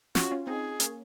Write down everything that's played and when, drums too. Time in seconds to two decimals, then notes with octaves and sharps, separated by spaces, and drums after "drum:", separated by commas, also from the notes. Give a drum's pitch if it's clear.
0.15 C#4 F4 F#4, drum: snare
0.31 C#4 F4
0.47 C4 D#4 G#4
0.80 A#3 C#4, drum: hi-hat